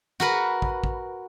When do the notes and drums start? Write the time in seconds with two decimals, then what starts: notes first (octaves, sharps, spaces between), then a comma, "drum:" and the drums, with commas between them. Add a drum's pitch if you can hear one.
0.20 F#4 A#4 B4
0.62 drum: kick
0.84 drum: kick